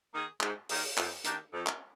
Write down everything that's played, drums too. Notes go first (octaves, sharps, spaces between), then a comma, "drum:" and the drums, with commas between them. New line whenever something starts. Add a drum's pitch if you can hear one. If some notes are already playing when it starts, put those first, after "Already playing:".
D#3 A#3 D#4 G#4
G#2, drum: clap
D#3 A#3 D#4 G#4, drum: open hi-hat
F2, drum: clap
D#3 A#3 D4 G4, drum: hi-hat
F2
drum: clap